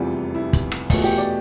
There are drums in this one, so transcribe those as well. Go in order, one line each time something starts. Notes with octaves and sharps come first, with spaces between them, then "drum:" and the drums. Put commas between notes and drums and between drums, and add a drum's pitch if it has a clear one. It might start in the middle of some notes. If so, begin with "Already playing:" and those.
Already playing: F1 E2 C3 E3 G3 F4
E4
drum: kick, hi-hat
drum: rim click
E2 B2 A3 F4, drum: kick, open hi-hat
G4
D5